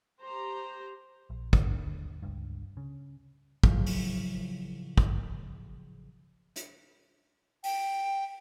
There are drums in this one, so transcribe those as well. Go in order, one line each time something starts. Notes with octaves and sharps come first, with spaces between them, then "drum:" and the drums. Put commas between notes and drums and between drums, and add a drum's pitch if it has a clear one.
G4 C5 A#5
A#1
D#2 D3, drum: kick
C#2 G2
C#3
A2 C#3 F3 F#3 F4, drum: kick
drum: open hi-hat
drum: kick
drum: hi-hat
G5, drum: open hi-hat